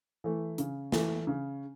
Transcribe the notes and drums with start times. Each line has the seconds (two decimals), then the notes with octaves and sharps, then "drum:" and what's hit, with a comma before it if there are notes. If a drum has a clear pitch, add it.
0.24 E3 A3
0.58 C#3, drum: hi-hat
0.92 E3 A3, drum: snare
1.27 C#3